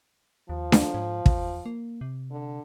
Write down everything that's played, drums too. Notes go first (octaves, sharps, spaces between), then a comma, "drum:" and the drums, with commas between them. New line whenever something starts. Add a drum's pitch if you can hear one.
D#2 F3
drum: snare D4
G#2
E2, drum: kick
A#3
C3
D3